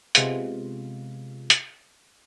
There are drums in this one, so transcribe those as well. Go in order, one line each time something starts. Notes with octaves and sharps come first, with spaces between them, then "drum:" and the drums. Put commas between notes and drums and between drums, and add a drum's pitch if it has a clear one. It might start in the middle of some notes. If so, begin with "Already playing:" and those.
C3 G#3 B3 F4, drum: hi-hat
drum: hi-hat